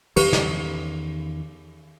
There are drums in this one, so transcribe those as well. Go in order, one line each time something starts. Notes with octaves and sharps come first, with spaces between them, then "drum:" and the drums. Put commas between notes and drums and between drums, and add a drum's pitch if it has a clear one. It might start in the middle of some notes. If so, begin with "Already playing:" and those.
E2 D#3 C#4 G4 B4, drum: cymbal
drum: snare